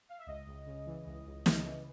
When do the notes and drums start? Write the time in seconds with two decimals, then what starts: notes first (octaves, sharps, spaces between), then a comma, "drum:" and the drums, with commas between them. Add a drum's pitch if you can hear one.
0.09 F5
0.18 E5
0.26 C#2 D#5
0.46 C#2
0.66 C#3
0.86 E3
1.06 C#2
1.26 C#2
1.46 C#3, drum: snare
1.65 E3